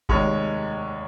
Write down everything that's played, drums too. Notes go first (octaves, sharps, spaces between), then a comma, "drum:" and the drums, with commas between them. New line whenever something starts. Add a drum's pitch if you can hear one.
F1 D#2 D#3 G#3 C#5, drum: kick G#1